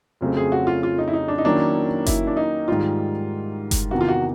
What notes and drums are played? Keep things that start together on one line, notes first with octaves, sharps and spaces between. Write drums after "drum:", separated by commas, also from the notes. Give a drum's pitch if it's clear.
F2 C#3 F#3 A3 C4
G#4
F#4
F4
F4
D#4
E4
D#4
D4
D#4
D#3 F#3 A#3 C#4 D4 E4
E4, drum: kick F#1, hi-hat
D4
D#4
G#2 D#3 G3 F4
drum: kick F#1, hi-hat
E2 C3 D#3 F#4
F4
F#4